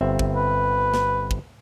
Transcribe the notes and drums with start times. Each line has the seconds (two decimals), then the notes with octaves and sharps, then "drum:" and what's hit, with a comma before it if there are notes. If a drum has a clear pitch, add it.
0.01 G1 C4 E5
0.19 drum: kick
0.36 B4
0.94 drum: snare
1.31 drum: kick